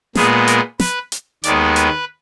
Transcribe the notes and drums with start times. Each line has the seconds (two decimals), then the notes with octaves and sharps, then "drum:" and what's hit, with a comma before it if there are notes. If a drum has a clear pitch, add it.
0.15 A#2 G#3 B3 G#4, drum: snare
0.47 A#4, drum: hi-hat
0.80 B4, drum: snare
1.12 drum: hi-hat
1.43 D#2 D#3 G#3 B3 D5, drum: hi-hat
1.76 B4, drum: hi-hat